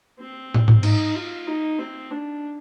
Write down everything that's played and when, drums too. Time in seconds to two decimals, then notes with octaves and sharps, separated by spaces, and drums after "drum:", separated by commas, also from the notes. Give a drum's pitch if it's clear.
0.20 C4
0.54 drum: tom
0.68 drum: tom G#2
0.83 D#4, drum: cymbal
1.15 F4
1.47 D#4
1.79 C4
2.10 D4